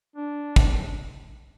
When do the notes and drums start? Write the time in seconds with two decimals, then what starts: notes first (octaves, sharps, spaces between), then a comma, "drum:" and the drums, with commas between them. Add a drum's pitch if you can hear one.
0.16 D4
0.56 drum: kick